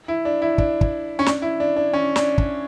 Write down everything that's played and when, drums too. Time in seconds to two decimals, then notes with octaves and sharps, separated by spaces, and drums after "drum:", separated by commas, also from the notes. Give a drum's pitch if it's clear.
0.08 E4
0.25 D4
0.42 E4
0.58 D4, drum: kick
0.81 drum: kick
1.19 C#4
1.26 D4, drum: snare
1.42 E4
1.60 D4
1.76 D4
1.93 C#4
2.16 D4, drum: snare
2.38 D4, drum: kick